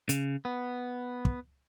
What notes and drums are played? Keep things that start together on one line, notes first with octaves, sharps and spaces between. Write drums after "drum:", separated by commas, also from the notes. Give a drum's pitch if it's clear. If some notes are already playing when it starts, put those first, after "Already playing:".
C#3, drum: hi-hat
B3
drum: kick